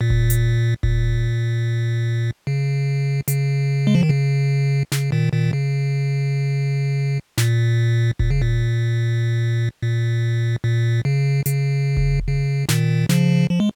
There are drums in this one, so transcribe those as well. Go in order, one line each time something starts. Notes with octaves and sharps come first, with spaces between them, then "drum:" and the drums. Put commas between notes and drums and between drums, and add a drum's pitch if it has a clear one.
A#2
drum: kick E1
drum: hi-hat
A#2, drum: kick E1
C#3
C#3, drum: hi-hat
G#3
F3
D#3
C#3
C#3, drum: snare
A#2 D#3
A#2 D#3
C#3
A#2, drum: snare
A#2, drum: kick E1
C#3
A#2
A#2
A#2
C#3
C#3, drum: hi-hat
drum: kick E1
C#3
A#2 D#3, drum: snare
C#3 F3, drum: snare
F3
G#3